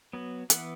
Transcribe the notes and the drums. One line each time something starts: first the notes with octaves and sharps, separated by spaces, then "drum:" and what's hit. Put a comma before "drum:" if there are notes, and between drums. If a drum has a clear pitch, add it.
F#3 B3
E3 B3 F#5, drum: hi-hat